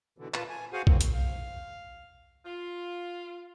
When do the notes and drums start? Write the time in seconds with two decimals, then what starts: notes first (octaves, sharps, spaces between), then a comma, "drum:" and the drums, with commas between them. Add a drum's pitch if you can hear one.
0.18 B2 D3 E3
0.34 A#2 F4 B4 A5, drum: clap
0.49 G#5
0.73 F#4 G#4 C5 F5 F#5 G#5
0.87 A2 A#3 C4, drum: kick B1
1.01 drum: hi-hat
1.14 F5
2.46 F4